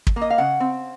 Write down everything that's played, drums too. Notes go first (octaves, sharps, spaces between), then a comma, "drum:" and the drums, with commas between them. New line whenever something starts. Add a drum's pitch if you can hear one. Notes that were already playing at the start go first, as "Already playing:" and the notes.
drum: kick
A#3
D#5
F5
C#3 F#5
C4